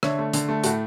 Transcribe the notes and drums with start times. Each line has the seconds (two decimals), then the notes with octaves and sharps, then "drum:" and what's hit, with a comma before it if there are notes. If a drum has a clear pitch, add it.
0.03 D3 C#5 E5, drum: rim click
0.18 A3
0.33 D3, drum: hi-hat
0.49 A3
0.64 A2 F#4 A4, drum: hi-hat